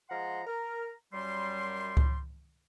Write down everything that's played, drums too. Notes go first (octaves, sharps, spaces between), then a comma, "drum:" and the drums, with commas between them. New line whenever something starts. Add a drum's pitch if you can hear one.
F3 G#3 F#5 A#5 C6
A#4 A#5
F#2 G3 C6
drum: kick C#2